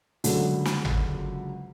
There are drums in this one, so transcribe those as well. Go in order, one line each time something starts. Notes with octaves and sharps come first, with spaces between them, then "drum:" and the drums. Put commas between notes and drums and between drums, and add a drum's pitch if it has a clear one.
F#1 C#2 D3 F#3, drum: hi-hat
drum: snare
drum: tom G#1